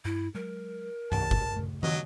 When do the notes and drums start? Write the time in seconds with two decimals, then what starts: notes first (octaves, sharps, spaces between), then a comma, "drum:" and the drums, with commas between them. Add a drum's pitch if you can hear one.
0.05 G2 E4
0.35 F#3 G#3 A#4
1.12 C2 A5, drum: tom G2
1.31 drum: kick
1.57 C#3 A3
1.83 F#3 D#5, drum: tom